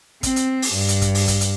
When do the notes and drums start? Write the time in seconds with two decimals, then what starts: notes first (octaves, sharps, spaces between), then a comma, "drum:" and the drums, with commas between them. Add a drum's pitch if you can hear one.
0.23 C4, drum: kick, hi-hat
0.36 drum: hi-hat
0.62 drum: open hi-hat
0.72 G2
0.88 drum: hi-hat
1.02 drum: kick, hi-hat
1.15 drum: open hi-hat
1.28 drum: kick, hi-hat
1.41 drum: hi-hat